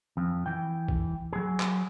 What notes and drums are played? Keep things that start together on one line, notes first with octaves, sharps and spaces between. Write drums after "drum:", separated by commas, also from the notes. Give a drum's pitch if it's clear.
F2
E3 G5
drum: kick B1
F#3 G#4
drum: clap